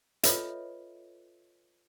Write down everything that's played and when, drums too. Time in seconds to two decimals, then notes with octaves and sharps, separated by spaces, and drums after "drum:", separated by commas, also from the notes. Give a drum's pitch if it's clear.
0.23 F4 A4 B4 C#5 D#5 E5, drum: hi-hat